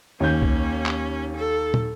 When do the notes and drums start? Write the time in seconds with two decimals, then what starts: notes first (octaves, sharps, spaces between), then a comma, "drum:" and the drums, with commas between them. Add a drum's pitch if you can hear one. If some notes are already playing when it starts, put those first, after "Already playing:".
0.20 D#2 A#3 C#4 G6
0.42 drum: kick C2
0.86 drum: clap
1.36 A4
1.74 drum: tom